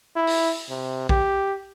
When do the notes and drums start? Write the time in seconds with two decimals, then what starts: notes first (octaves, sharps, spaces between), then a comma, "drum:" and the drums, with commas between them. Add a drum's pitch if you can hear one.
0.16 E4
0.27 drum: open hi-hat
0.69 C3
1.09 G4, drum: kick A#1